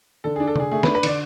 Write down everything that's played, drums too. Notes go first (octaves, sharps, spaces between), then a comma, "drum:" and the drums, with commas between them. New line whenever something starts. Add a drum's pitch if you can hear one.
D3 A4
G#4
D4
A4
D3 G#4, drum: tom C3
A3 G#4
B4, drum: snare
D4
B4
D3 D5, drum: cymbal